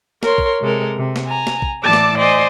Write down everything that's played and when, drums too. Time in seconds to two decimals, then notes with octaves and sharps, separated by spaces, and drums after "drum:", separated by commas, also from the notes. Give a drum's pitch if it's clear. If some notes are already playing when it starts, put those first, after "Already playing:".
0.23 A#4 C#5 C6, drum: snare
0.38 drum: kick
0.61 C3 G#3 A4 A#4
0.96 C3
1.16 drum: snare
1.27 G#5 A#5
1.47 drum: snare
1.62 drum: kick
1.83 A2 E3 D5 A5 D6 E6
1.93 drum: snare
2.18 C5 D5 D#5 G#5